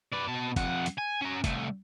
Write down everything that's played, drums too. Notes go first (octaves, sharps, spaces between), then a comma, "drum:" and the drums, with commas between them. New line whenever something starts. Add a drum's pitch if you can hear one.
B4 D5
B2 A5
F2 F#5, drum: kick, hi-hat
drum: hi-hat
G#5
C#4 A#5
C2 A3, drum: kick, hi-hat